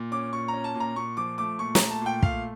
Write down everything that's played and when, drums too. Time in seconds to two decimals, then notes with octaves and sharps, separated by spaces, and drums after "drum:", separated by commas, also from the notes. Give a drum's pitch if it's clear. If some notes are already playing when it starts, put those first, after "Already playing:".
Already playing: A#2
0.11 C#4 D6
0.33 A#2 C#6
0.48 A#5
0.53 C#4
0.64 A5
0.74 A#2
0.80 A#5
0.96 A#2 C#6
1.17 F3 D6
1.38 A3 D6
1.59 A#2 C#6
1.75 A#5, drum: snare
1.80 A3
1.90 A5
2.01 A#2 G5
2.23 A3 F5, drum: kick